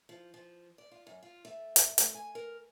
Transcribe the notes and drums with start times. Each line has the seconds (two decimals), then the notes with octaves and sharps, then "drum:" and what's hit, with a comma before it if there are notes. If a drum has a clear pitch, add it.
0.09 F3
0.34 F3
0.78 D5
0.92 F4
1.07 F#2
1.23 F4
1.45 A3
1.76 drum: hi-hat
1.98 A3, drum: hi-hat
2.14 G#5
2.35 A#4